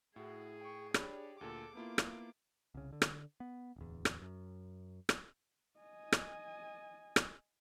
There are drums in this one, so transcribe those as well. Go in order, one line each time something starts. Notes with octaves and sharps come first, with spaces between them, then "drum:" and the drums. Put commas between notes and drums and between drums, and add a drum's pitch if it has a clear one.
A2 E4 F#4 G#4
G5 C#6
D4 G4 C#5 D5 B5, drum: rim click
D2 A#2 A4 D6
A#3 B3 E4 F4
drum: rim click
C2 C#3
D3
drum: rim click
B3
D1 E2
drum: rim click
F#2
drum: rim click
D#5 G#5
drum: rim click
drum: rim click